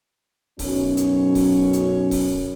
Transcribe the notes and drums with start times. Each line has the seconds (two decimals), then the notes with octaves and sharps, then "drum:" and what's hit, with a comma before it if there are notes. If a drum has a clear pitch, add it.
0.59 B1 F#2 C#4 C#5, drum: kick C#1, open hi-hat
0.97 drum: hi-hat
1.35 drum: kick C#1, open hi-hat
1.73 drum: hi-hat
2.11 drum: kick C#1, open hi-hat